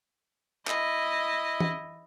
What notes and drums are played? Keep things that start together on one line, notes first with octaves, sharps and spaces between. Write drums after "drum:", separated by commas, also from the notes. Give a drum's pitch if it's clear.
E4 D#5, drum: clap
drum: tom